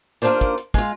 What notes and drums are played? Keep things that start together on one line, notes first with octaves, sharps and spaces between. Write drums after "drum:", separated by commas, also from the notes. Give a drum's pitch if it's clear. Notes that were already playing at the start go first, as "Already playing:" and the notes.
D#2 A#3 D4 F4 C5 D5, drum: hi-hat
drum: kick, hi-hat
drum: hi-hat
G#3 F4, drum: kick, hi-hat